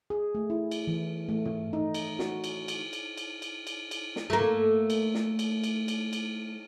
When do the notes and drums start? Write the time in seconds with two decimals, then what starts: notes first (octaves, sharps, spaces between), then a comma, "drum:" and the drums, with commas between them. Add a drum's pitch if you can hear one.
0.10 G#4
0.35 A3
0.50 E4
0.71 drum: cymbal
0.87 E3
1.29 A3
1.45 drum: tom
1.73 D#4
1.94 drum: cymbal
2.19 F#4, drum: snare
2.44 drum: cymbal
2.68 drum: cymbal
2.93 drum: cymbal
3.17 drum: cymbal
3.42 drum: cymbal
3.67 drum: cymbal
3.91 drum: cymbal
4.16 drum: snare
4.30 A3 A#3
4.41 drum: tom
4.90 drum: cymbal
5.14 drum: snare
5.39 drum: cymbal
5.64 drum: cymbal
5.88 drum: cymbal
6.13 drum: cymbal